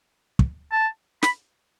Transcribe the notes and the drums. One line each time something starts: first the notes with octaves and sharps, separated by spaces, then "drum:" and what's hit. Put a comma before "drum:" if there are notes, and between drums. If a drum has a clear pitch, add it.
drum: kick
A5
B5, drum: snare